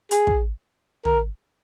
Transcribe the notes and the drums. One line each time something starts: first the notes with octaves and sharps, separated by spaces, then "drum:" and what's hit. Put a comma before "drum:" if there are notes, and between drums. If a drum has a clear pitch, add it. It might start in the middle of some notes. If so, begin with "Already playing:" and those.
G#4, drum: hi-hat
drum: kick
A#4, drum: tom